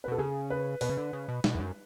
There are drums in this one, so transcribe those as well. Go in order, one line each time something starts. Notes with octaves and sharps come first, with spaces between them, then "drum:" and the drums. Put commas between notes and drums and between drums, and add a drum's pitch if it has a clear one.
B4
B2 A4
C#3 G#4
B4
B2 B4, drum: open hi-hat
C#3
D3
C#3
B2
B2, drum: snare
E2
F#2